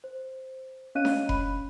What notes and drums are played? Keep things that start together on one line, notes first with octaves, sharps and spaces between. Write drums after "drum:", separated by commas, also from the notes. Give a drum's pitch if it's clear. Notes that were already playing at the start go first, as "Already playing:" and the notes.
C5
C#4 D#5 F5 F#6 D#7
drum: snare D4
B5, drum: kick F1